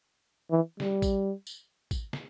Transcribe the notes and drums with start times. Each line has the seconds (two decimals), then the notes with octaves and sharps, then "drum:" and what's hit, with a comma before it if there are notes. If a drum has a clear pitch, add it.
0.51 E3
0.80 G3, drum: snare
1.02 drum: kick, tambourine
1.47 drum: tambourine
1.91 drum: kick, tambourine
2.13 drum: snare